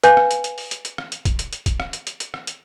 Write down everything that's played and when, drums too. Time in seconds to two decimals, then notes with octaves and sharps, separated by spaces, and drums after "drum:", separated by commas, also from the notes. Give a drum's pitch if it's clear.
0.04 B4 F5 G#5 G6, drum: hi-hat
0.17 drum: rim click
0.31 drum: hi-hat
0.44 drum: hi-hat
0.58 drum: open hi-hat
0.71 drum: hi-hat
0.85 drum: hi-hat
0.98 drum: rim click
1.12 drum: hi-hat
1.25 drum: kick, hi-hat
1.39 drum: hi-hat
1.53 drum: hi-hat
1.66 drum: kick, hi-hat
1.80 drum: rim click
1.93 drum: hi-hat
2.07 drum: hi-hat
2.20 drum: hi-hat
2.34 drum: rim click
2.47 drum: hi-hat